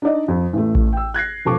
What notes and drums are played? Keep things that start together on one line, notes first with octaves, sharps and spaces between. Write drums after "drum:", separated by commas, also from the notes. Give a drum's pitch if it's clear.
D4 D#4 D5 D#5
F2
A1 A3
drum: kick A1
G5 E6
F#6 G#6 A#6 C7
E1 F3 A4 A5 C#6 D6